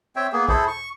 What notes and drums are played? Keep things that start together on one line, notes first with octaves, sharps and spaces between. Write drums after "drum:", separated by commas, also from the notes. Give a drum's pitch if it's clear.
C4 C#5 E5 G5
A#3 B3 G#4
E4 G#4 A4 C5, drum: kick
C#6